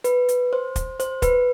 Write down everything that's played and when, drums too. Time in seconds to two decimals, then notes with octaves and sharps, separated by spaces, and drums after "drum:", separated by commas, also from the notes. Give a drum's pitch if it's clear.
0.04 B4, drum: hi-hat
0.29 drum: hi-hat
0.53 C5
0.76 drum: kick, hi-hat
1.00 C5, drum: hi-hat
1.22 B4, drum: kick, hi-hat